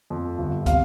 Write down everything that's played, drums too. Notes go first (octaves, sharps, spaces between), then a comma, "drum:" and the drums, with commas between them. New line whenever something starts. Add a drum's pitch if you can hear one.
F2
G1
C3 F5, drum: kick, hi-hat